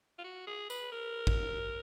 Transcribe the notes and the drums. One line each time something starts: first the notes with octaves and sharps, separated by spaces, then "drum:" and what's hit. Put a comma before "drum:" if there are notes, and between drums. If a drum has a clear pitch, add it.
F4
F#4
G#4
B4, drum: tambourine
A#4
drum: kick